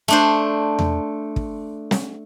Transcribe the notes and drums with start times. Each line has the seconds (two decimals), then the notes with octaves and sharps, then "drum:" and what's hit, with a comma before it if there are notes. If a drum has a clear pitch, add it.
0.08 A3 D4 C5
0.79 drum: tom E2
1.36 drum: kick
1.91 drum: snare